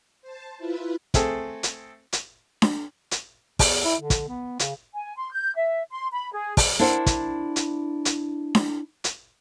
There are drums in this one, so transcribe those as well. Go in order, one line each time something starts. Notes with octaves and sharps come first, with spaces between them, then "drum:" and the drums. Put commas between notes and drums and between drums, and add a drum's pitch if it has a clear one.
C5 A5
E4 F4 B4
A3 C4 G#4 A4, drum: kick, hi-hat
drum: hi-hat
drum: hi-hat
drum: snare D4
drum: hi-hat
E2, drum: kick, open hi-hat
E4
D3
drum: kick, hi-hat
B3
C#3, drum: hi-hat
G#5
C6
G6
E5
C6
B5
G#4
drum: kick, open hi-hat
D4 E4 A#4 C5 D5 F#5
drum: kick, hi-hat
drum: hi-hat
drum: hi-hat
drum: snare D4
drum: hi-hat